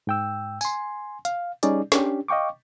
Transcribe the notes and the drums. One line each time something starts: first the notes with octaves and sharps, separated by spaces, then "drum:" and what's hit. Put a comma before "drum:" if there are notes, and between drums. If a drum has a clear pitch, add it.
G#2 G5 E6
G#5 C6, drum: tambourine
F5, drum: hi-hat
G3 C#4 D#4 G#4 D5, drum: hi-hat
C#4 D4 G4, drum: snare
D#5 F5 G5 C#6 D6